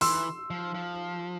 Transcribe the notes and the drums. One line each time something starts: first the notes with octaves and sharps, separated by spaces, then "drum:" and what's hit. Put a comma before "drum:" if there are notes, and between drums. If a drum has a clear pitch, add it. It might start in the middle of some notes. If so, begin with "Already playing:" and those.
E3 C6 E6, drum: open hi-hat
F3
F3